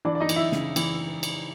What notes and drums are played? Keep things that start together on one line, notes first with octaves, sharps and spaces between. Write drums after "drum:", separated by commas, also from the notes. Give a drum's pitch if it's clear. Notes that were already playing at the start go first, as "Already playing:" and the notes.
E3 D4 D5
D5
D#4 D#5
E3, drum: cymbal
E4 E5
C#3, drum: snare
E3, drum: cymbal
drum: cymbal